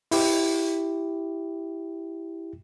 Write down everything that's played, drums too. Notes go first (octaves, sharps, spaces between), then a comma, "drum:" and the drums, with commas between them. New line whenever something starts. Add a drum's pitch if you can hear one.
E4 G4, drum: open hi-hat